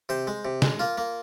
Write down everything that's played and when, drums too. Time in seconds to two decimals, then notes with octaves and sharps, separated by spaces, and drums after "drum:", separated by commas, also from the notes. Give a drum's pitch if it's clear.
0.09 C3 C5
0.27 G#3
0.45 C3
0.62 G#3, drum: snare
0.79 A#3 F4
0.98 A#3